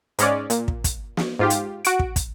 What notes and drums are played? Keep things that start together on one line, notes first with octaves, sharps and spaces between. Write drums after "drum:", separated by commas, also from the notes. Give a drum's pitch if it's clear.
G#2 G#3 C#4 D5, drum: hi-hat
A#2, drum: hi-hat
drum: kick
drum: kick, hi-hat
drum: snare
G#2 F4 G4
drum: hi-hat
F#4 D7, drum: hi-hat
drum: kick
drum: kick, hi-hat